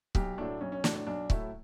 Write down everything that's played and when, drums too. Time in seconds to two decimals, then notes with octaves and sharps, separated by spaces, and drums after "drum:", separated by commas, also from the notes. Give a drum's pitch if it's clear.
0.15 B1 G4, drum: kick C#1
0.38 A2 F#3 A3 D4
0.61 B1 C#4
0.72 C#4
0.84 A2 F#3 A3 D4, drum: snare
0.95 D4
1.07 B1 D4
1.30 A2 F#3 A3 E4, drum: kick C#1